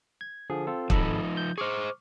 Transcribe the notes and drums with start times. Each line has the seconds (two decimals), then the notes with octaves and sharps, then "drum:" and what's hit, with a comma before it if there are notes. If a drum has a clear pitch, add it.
0.21 G#6
0.50 D3 F3 G#4
0.67 C4 F4 A4
0.90 G#1 F3 D#4 A4 B5, drum: kick
1.37 G6
1.58 G#4 C5 C#6 D6 F6